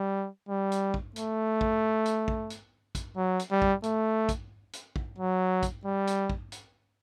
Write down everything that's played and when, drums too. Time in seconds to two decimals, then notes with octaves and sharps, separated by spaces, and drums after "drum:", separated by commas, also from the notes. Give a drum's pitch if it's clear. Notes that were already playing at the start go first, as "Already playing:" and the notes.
Already playing: G3
0.49 G3
0.72 drum: hi-hat
0.94 drum: kick
1.16 A3, drum: hi-hat
1.61 drum: kick
2.06 drum: hi-hat
2.28 drum: kick
2.50 drum: hi-hat
2.95 drum: kick, hi-hat
3.17 F#3
3.39 drum: hi-hat
3.51 G3
3.62 drum: kick
3.83 A3, drum: hi-hat
4.29 drum: kick, hi-hat
4.73 drum: hi-hat
4.96 drum: kick
5.18 F#3
5.63 drum: kick, hi-hat
5.86 G3
6.07 drum: hi-hat
6.30 drum: kick
6.52 drum: hi-hat